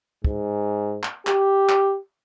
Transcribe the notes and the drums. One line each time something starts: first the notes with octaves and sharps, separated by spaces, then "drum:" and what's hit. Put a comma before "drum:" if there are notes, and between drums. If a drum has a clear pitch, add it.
G#2, drum: kick
drum: clap
G4, drum: clap
drum: clap